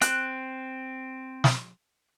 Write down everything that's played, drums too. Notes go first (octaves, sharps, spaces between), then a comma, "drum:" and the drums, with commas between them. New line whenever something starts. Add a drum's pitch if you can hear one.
C4 F#6, drum: hi-hat
drum: snare